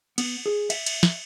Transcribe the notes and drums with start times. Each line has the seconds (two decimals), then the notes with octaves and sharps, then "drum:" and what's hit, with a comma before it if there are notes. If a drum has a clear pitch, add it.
0.18 B3, drum: cymbal
0.46 G#4
0.70 E5, drum: cymbal
0.86 drum: cymbal
1.03 drum: snare